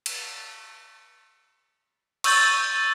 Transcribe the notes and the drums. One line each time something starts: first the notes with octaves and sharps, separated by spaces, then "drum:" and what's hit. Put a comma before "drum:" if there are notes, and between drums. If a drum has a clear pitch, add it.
drum: cymbal
C#6 E6 G6 A6, drum: cymbal